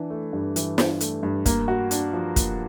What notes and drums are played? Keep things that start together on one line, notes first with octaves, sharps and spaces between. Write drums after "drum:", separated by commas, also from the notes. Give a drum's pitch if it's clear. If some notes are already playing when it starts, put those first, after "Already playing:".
Already playing: E3 D4
A3
G2
E3, drum: hi-hat
D4, drum: snare
A3, drum: hi-hat
G2
A#3, drum: kick, hi-hat
F#4
D4, drum: hi-hat
F3
A#3, drum: kick, hi-hat